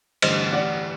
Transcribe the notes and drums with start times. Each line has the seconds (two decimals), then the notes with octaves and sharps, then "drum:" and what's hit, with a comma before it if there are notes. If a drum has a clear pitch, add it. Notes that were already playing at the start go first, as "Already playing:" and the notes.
0.22 A1 G2 D3 G3 C5 D#5, drum: cymbal
0.52 A1 A2 G3 D5 F#5